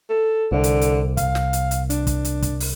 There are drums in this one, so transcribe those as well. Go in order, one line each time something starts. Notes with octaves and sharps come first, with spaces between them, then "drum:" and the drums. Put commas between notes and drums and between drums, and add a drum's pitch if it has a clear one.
A4
C2 D3
drum: hi-hat
drum: hi-hat
F5, drum: kick, hi-hat
drum: snare
drum: hi-hat
drum: hi-hat
D4, drum: hi-hat
drum: kick, hi-hat
drum: hi-hat
drum: kick, hi-hat
drum: open hi-hat